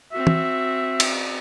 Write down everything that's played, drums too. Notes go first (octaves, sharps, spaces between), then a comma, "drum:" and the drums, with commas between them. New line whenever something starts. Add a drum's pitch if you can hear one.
C4 F#4 E5
drum: tom
drum: cymbal